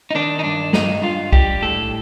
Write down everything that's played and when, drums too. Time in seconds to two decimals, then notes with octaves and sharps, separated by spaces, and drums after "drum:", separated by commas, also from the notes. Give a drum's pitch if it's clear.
0.11 D#4
0.15 D#3 D4
0.39 D#4
0.44 G2 D4
0.73 G2 D#4, drum: snare
1.03 G2 F4
1.33 G3 G4, drum: kick B1
1.62 A2 A4